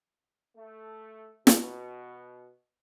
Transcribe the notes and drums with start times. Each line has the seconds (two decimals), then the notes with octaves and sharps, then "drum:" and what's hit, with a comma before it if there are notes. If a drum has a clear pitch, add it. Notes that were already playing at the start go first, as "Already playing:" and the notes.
0.56 A3
1.47 B2, drum: snare